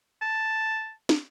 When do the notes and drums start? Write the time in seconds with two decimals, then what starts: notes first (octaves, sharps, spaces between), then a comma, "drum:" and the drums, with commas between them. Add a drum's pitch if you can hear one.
0.22 A5
1.09 drum: snare